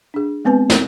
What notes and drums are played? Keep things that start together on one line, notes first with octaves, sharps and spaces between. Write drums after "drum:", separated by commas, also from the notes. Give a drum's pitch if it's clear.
D4 G#4
G#3 B3 C4 B4 G#5 A5
drum: snare